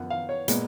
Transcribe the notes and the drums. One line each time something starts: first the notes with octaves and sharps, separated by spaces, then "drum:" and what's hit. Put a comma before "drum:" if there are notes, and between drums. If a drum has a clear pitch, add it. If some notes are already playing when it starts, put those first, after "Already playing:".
Already playing: F#2 F3 B3 F#5
F5
C#5
A#2 G#3 B3, drum: hi-hat